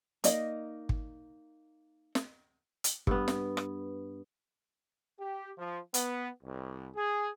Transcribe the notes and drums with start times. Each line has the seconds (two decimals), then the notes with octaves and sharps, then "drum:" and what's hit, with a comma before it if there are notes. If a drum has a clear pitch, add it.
0.24 A#3 D#4 D5 D#5, drum: hi-hat
0.89 drum: kick
2.15 drum: snare
2.84 drum: hi-hat
3.07 G2 B3, drum: kick
3.28 drum: snare
3.57 drum: rim click
5.19 G4
5.58 F3
5.94 B3, drum: hi-hat
6.43 C2
6.96 G#4